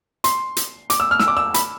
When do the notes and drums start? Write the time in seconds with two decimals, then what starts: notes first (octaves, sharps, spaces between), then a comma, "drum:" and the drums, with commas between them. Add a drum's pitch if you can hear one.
0.24 C6, drum: hi-hat
0.57 drum: hi-hat
0.90 D6, drum: hi-hat
1.00 E6
1.11 F6
1.19 E6, drum: snare
1.28 D6
1.37 E6
1.54 B5, drum: hi-hat